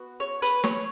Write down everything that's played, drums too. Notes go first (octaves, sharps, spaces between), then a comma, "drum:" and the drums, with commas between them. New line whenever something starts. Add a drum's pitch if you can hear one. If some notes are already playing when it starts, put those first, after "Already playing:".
Already playing: B3 F#4
C#5
B4, drum: hi-hat
C#5, drum: snare